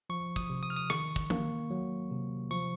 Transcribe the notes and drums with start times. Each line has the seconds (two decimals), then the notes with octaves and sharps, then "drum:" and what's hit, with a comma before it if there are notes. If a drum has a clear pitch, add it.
0.10 F3 C#6
0.36 D#6, drum: kick
0.50 C3
0.63 D#6
0.70 F6
0.76 D#6
0.90 D#3 C#6, drum: rim click
1.16 drum: kick
1.30 A#3, drum: tom E3
1.70 F#3
2.11 C3
2.51 F3 C#6, drum: tambourine